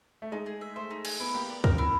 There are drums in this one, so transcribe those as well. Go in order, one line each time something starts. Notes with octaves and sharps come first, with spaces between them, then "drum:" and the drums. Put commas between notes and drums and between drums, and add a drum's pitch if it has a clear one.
A3
G#3 D#4
G#4
E5
A3 C5
D#4
G#4, drum: cymbal
B3 E4
A#3 G4
D5
C4 A#4, drum: kick
E4